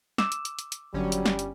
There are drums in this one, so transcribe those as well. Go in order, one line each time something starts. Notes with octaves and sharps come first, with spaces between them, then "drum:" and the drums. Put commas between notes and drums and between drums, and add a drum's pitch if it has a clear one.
D6 E6 E7, drum: snare
drum: hi-hat
drum: hi-hat
drum: hi-hat
drum: hi-hat
G1 D3 F#3 G3 C#4
drum: hi-hat
drum: snare
drum: hi-hat